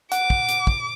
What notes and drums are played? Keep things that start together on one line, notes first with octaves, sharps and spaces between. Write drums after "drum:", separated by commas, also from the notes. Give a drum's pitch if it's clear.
F#5 D6, drum: hi-hat
drum: kick
drum: hi-hat
drum: kick